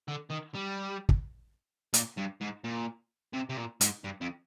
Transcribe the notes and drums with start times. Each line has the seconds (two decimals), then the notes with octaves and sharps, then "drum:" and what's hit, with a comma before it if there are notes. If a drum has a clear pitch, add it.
0.08 D3
0.31 D#3
0.55 G3
1.09 drum: kick
1.94 A#2, drum: hi-hat
2.18 G2
2.41 G#2
2.64 A#2
3.34 C3
3.50 C3
3.57 A#2
3.81 G#2, drum: hi-hat
4.04 G2
4.21 F2